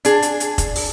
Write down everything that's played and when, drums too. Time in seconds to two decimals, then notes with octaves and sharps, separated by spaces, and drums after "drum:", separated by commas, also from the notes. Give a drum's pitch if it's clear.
0.05 D4 G#4, drum: hi-hat
0.22 drum: hi-hat
0.40 drum: hi-hat
0.58 drum: kick F1, hi-hat
0.76 drum: open hi-hat